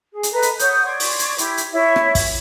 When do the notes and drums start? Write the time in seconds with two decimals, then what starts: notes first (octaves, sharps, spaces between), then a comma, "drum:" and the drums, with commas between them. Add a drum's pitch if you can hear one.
0.12 G#4
0.23 drum: hi-hat
0.33 A4 B4 D#5 A#5
0.42 drum: hi-hat
0.59 C#5 F#5 D#6 G6, drum: hi-hat
0.85 D5 C6 C#6 G#6
1.00 drum: open hi-hat
1.19 drum: hi-hat
1.38 E4 G4 G#6, drum: hi-hat
1.57 drum: hi-hat
1.74 E4 C#5 E5
1.96 drum: rim click
2.15 drum: kick, open hi-hat